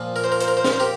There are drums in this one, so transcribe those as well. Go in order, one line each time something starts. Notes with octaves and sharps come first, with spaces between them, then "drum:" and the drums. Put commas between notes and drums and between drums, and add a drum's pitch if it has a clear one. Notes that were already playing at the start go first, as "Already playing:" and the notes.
Already playing: A#2 F3 A#3
A#4
C5
A#4
C5, drum: hi-hat
A#4
C5
A#4, drum: snare
C5
G4 A#4